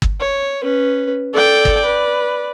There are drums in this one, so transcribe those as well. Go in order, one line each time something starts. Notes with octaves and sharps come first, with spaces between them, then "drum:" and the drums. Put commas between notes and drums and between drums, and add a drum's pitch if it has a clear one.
drum: kick
C#5
C#4 B4
A4 D5 G5
drum: kick
B4